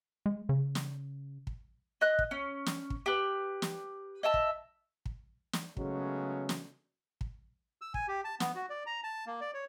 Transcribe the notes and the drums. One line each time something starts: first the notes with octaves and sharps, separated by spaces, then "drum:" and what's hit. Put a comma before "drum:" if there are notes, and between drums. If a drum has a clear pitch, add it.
G#3
C#3
drum: snare
drum: kick
D#5 F#6
drum: kick
C#4
drum: snare
drum: kick
G4 B4
drum: snare
D#5 E5 A5
drum: kick
drum: kick
drum: snare
C#3 F#3 G#3 A3 B3 C#4, drum: kick
drum: snare
drum: kick
E6
G#5, drum: kick
G4
A5
B3, drum: snare
F#4
D5
A#5
A5
A#3
D5
C#5